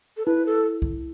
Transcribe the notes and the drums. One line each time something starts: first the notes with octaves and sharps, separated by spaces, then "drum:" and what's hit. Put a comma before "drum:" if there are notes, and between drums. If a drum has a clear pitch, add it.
A4
E4 B4
A4
drum: kick C2